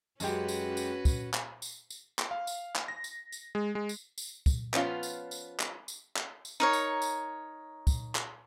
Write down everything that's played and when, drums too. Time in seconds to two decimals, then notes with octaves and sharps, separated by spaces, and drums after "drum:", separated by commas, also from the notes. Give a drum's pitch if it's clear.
0.20 F#2 G#3 C#4 F#4 G4 B4, drum: tambourine
0.48 drum: tambourine
0.77 drum: tambourine
1.05 drum: kick, tambourine
1.34 drum: clap
1.62 drum: tambourine
1.90 drum: tambourine
2.19 drum: clap
2.31 F5
2.47 drum: tambourine
2.76 drum: clap
2.88 A#6
3.04 drum: tambourine
3.32 drum: tambourine
3.55 G#3
3.75 G#3
3.89 drum: tambourine
4.18 drum: tambourine
4.46 drum: kick, tambourine
4.74 F3 B3 C#4 E4 F4, drum: clap
5.03 drum: tambourine
5.31 drum: tambourine
5.60 drum: clap
5.88 drum: tambourine
6.16 drum: clap
6.45 drum: tambourine
6.60 D#4 A#4 C#5
6.73 drum: tambourine
7.02 drum: tambourine
7.87 drum: kick, tambourine
8.15 drum: clap